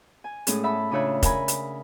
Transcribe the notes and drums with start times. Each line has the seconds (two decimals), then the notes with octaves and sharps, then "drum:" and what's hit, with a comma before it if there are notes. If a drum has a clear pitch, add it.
0.24 G#5
0.47 A2 G#3 C#4 G#4, drum: hi-hat
0.64 E5 F#5 A5 B5
0.91 C#3 D4 F4 C#5 E5 F#6
1.23 A#4 F#5 G#5 B5, drum: kick F1, hi-hat
1.48 drum: hi-hat